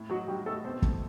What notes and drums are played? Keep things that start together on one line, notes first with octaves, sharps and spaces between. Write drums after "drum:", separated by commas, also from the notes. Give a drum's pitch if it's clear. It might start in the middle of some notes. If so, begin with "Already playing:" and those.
Already playing: A2
F#3 D#4 F#4
G3 F#4 G4
A3 D#4 A4
B2 C4 C5
A3, drum: kick